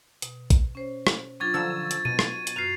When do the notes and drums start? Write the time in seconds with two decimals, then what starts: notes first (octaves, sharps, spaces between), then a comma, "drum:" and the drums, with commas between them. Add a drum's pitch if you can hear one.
0.22 B2, drum: hi-hat
0.50 drum: kick, hi-hat
0.75 C#4 C5 C#5
1.07 drum: rim click
1.40 F#3 D4 F4 C#6 G#6 A6
1.54 D3 F3 C5 F5 A#5 E6
1.91 drum: hi-hat
2.05 B2 D#7
2.19 drum: rim click
2.47 drum: hi-hat
2.56 F#2 F#4 F6 C7 F7